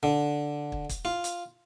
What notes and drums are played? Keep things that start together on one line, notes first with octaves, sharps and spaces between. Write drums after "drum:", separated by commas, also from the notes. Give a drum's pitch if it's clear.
D3
drum: kick
drum: kick, hi-hat
F4
drum: hi-hat